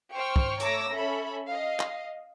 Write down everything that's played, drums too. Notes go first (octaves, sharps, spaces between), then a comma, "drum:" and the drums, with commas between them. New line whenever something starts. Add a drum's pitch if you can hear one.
C5 G5 C#6 F6
drum: kick
A3 C#5 A#5 D6 E6 A#6, drum: hi-hat
C#4 A4 E5 B5
D#5 F5
drum: clap